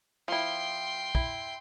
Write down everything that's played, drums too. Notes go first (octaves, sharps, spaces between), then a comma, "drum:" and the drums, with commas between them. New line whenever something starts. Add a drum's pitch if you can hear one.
F3 E4 G5 C6
E4, drum: kick